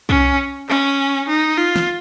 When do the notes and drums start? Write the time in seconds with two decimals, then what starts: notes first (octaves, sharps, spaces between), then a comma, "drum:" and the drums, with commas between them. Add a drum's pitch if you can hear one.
0.09 C#4, drum: kick
0.69 C#4, drum: clap
1.29 D#4
1.58 F4
1.76 drum: snare